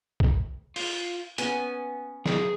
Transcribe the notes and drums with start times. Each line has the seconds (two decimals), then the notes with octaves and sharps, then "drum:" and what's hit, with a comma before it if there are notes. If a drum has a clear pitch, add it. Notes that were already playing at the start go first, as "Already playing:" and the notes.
0.20 drum: kick
0.76 F4, drum: open hi-hat
1.38 B3 C#4 G#5, drum: hi-hat
2.26 G#4, drum: snare